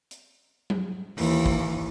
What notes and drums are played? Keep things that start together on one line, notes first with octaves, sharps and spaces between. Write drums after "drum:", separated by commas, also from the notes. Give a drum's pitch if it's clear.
drum: hi-hat
drum: tom F#3
D#2 E3, drum: open hi-hat
drum: kick